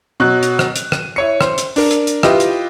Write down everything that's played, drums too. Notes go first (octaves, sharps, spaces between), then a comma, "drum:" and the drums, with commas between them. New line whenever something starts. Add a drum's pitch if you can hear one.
B2 F#3 F#6
drum: hi-hat
drum: rim click
drum: hi-hat
D#7, drum: rim click
E4 C#5 C#7
C5, drum: rim click
drum: hi-hat
D4 A#4, drum: open hi-hat
drum: hi-hat
drum: hi-hat
E4 F4 G4 B4 D#5, drum: rim click
drum: hi-hat